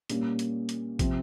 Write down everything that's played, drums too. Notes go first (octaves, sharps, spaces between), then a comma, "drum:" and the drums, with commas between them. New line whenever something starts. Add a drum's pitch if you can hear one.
A#2 G3 A#3 C#4, drum: hi-hat
drum: hi-hat
drum: hi-hat
C3 F3 C4, drum: kick, hi-hat